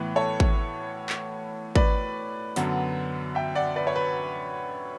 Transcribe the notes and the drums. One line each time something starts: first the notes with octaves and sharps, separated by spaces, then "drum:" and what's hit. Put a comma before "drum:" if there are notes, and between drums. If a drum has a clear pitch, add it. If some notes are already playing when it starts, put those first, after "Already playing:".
Already playing: A2 E3 B3 B4
A4 C#5
drum: kick
drum: clap
B4 D5, drum: kick
F#2 D3 F#3 B3, drum: hi-hat
E5 G5
D5 F#5
B4 D5
C#5
B4